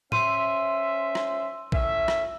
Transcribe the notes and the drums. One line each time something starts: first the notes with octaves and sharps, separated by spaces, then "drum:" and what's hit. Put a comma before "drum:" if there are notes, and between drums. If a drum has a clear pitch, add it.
C#4 C5 E5 C6 D#7, drum: tom A2
drum: rim click
A2 C#4 E5, drum: kick A#1
drum: rim click